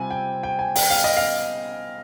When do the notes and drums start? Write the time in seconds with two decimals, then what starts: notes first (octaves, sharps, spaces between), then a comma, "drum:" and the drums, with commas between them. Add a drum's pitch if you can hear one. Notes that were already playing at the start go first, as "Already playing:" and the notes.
Already playing: C3 G3 C4 F4 G#5
0.11 G5
0.43 G5
0.59 G#5
0.75 G5, drum: open hi-hat
0.90 F5
1.04 D#5
1.17 F5